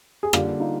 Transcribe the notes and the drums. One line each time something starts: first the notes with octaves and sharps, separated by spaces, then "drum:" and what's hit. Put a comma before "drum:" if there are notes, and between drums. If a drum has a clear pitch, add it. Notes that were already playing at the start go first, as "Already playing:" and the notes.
G#4
D3 G3 A#3 F4 G4, drum: rim click
D#4 F4